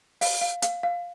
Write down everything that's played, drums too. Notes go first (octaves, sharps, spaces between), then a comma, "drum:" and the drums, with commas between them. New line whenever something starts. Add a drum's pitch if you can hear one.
F5, drum: open hi-hat
F5
F5, drum: hi-hat
F5